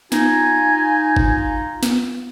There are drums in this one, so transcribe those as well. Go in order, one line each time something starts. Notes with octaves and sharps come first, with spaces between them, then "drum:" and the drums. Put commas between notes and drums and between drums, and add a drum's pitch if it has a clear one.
D#4 F4 G#5, drum: snare
drum: kick G1
drum: snare